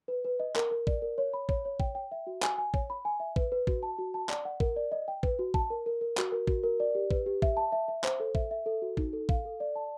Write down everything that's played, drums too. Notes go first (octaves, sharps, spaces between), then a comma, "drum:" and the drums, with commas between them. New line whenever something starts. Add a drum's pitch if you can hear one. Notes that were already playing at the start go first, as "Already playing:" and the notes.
B4
B4
D#5
A#4, drum: clap
A#4
D5, drum: kick A1
A#4
C#5
B5
C#5, drum: kick A1
C#5
G5, drum: kick A1
G5
E5
F#4
G#5, drum: clap
G#5
C#5, drum: kick A1
B5
G#5
E5
B4, drum: kick A1
B4
F#4, drum: kick A1
A5
F#4
A5
D5, drum: clap
F#5
A#4, drum: kick A1
D5
D#5
G5
B4, drum: kick A1
F#4
A5, drum: kick A1
A#4
A#4
A#4
F#4, drum: clap
A#4
F#4, drum: kick A1
A#4
D5
G4
B4, drum: kick A1
G4
E5, drum: kick A1
A5
E5
E5
C5, drum: clap
A4
E5, drum: kick A1
E5
A4
F#4
D#4, drum: kick A1
A4
F5, drum: kick A1
A4
D5
A5